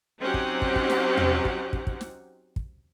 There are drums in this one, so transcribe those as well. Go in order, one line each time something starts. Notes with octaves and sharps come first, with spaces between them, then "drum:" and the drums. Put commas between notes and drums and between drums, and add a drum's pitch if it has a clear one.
F#3 C4 C#4 D#4 G4 F#5
drum: kick
drum: kick
drum: kick
drum: snare
drum: tom E2
drum: kick
drum: kick
drum: kick
drum: snare
drum: kick